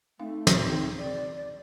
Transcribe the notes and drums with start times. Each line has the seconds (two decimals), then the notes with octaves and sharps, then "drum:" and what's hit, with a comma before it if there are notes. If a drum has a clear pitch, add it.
0.19 A3 C4 D#4 F5
0.47 drum: snare
0.62 C4 D#4 G#4
0.97 D5